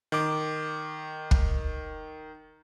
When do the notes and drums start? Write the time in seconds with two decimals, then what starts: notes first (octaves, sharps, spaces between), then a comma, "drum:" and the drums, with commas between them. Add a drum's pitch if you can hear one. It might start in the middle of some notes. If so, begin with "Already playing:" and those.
0.12 D#3 D6
1.31 drum: kick